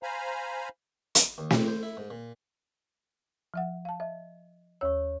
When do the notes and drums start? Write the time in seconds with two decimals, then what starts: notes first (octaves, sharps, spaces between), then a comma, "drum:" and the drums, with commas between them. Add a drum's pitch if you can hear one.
0.03 C5 F5 G#5 A#5 B5
1.15 drum: hi-hat
1.38 D#2
1.50 C4, drum: snare
1.68 C5
1.83 E4
1.97 G#2
2.10 A#2
3.54 F3 E5 F#5
3.85 F5 A5
4.00 D#5 E5
4.81 D#2 C#5 C#6 E6